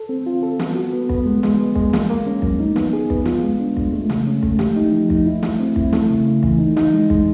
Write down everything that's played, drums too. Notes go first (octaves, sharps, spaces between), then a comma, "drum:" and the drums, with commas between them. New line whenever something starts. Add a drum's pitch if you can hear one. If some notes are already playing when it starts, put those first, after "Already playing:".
Already playing: A4
C4
F4
A4
B3, drum: snare
F#4
B3
B3, drum: kick
G#3
G#3, drum: snare
B3
G#3, drum: kick
A#3, drum: snare
A#3
C#4
F#3, drum: kick
D#4
B3, drum: snare
G#4
B3, drum: kick
F4, drum: snare
G#3
D4
G#3, drum: kick
A3
C#3, drum: snare
C#4
A3, drum: kick
G4, drum: snare
D#4
F3
D#4, drum: kick
E4
A3, drum: snare
C4
E4, drum: kick
A3, drum: snare
C#3
C#3
E3, drum: kick
D#4
D#4, drum: snare
G#3
G#3, drum: kick